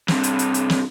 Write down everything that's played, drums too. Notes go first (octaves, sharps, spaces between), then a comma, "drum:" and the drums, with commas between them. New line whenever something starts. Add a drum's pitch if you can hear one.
G2 C3, drum: snare
drum: hi-hat
drum: hi-hat
drum: hi-hat
drum: snare